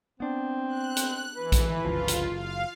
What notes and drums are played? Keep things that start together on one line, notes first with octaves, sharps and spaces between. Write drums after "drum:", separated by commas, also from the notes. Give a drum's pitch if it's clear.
B3 C4 D4
F#6
drum: hi-hat
E3 B4
drum: kick A#1, hi-hat
G1 C#2 F3 F4
drum: hi-hat
F#1 F5